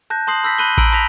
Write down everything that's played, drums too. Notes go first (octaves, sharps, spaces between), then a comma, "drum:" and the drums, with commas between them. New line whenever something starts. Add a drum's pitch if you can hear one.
A5 F#6 G6 A#6
A5 C6 D#6 C7 F#7
B5 E6 G6 A#6 B6
B5 F#6 D#7 F#7 G7
A#5 B5 E6 D7 F#7, drum: kick A1
A5 B5 A#6 B6 F7